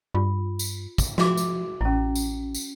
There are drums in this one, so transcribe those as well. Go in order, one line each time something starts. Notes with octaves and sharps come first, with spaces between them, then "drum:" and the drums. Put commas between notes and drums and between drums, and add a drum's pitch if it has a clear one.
G2 F4
drum: tambourine
drum: kick, tambourine
F3 F#4 E5 D6, drum: snare
drum: tambourine
A1 C#4 E4
drum: tambourine
drum: tambourine